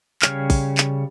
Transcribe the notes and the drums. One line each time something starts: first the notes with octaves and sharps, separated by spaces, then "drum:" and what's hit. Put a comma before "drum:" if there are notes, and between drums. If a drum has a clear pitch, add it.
C#3 G3 C#5 F6, drum: clap
drum: kick, open hi-hat
drum: clap